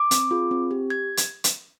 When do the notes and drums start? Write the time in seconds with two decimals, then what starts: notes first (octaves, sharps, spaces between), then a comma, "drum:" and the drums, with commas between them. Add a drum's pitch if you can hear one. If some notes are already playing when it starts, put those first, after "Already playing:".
Already playing: D6
0.11 C4, drum: hi-hat
0.31 F4 G#4
0.51 C4
0.71 G4
0.90 G#6
1.17 drum: hi-hat
1.44 drum: hi-hat